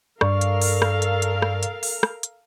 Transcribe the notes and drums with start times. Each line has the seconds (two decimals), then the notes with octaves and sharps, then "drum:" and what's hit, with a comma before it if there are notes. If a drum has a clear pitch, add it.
0.21 G2 A4 A#4 D5 F5 C#6, drum: rim click
0.41 drum: hi-hat
0.62 drum: open hi-hat
0.82 drum: rim click
1.02 drum: hi-hat
1.22 drum: hi-hat
1.42 drum: rim click
1.63 drum: hi-hat
1.83 drum: open hi-hat
2.03 drum: rim click
2.23 drum: hi-hat